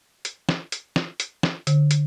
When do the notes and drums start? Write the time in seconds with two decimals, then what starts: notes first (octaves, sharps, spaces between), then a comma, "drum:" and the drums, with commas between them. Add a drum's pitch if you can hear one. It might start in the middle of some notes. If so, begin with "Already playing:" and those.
0.25 drum: hi-hat
0.49 drum: snare
0.72 drum: hi-hat
0.96 drum: snare
1.20 drum: hi-hat
1.43 drum: snare
1.67 D3, drum: hi-hat
1.91 drum: hi-hat